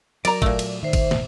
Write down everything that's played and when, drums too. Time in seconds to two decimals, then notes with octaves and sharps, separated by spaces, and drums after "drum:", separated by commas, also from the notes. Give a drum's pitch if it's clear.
0.25 F#3 A#4 D5 A#5, drum: cymbal
0.42 A#2 A3, drum: kick
0.59 drum: cymbal
0.83 D#3 C5 E5
0.93 drum: kick, cymbal
1.11 E1 A1 B2, drum: snare